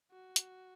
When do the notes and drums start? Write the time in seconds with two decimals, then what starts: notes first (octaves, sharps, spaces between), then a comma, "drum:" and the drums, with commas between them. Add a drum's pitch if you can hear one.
0.12 F#4
0.36 drum: hi-hat